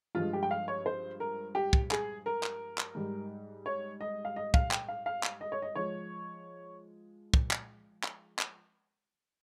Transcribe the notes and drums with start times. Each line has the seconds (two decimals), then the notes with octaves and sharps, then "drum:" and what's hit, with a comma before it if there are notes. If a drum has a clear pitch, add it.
0.15 G2 F3 G#3 F4
0.33 G4
0.43 G5
0.51 F5
0.68 C#5
0.86 C5
1.20 A#4
1.55 G4
1.73 drum: kick
1.91 G#4, drum: clap
2.26 A#4
2.43 drum: clap
2.78 drum: clap
2.95 G#2 G3
3.66 C#5
4.01 D#5
4.25 F5
4.36 D#5
4.54 F5, drum: kick
4.71 G5, drum: clap
4.88 F5
5.06 F5
5.23 drum: clap
5.41 D#5
5.52 C#5
5.62 D#5
5.75 F3 G#3 C#5
7.34 drum: kick
7.51 drum: clap
8.04 drum: clap
8.39 drum: clap